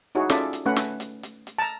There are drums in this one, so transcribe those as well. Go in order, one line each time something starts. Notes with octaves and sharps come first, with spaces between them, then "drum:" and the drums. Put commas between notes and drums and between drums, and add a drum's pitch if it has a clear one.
D#4 E4 F#4 G#4 C#5
C#4 F4 G#4 A4 D5 E5, drum: snare
drum: hi-hat
A3 C#4 B4 F#5
drum: snare
drum: hi-hat
drum: hi-hat
drum: hi-hat
A5 A#5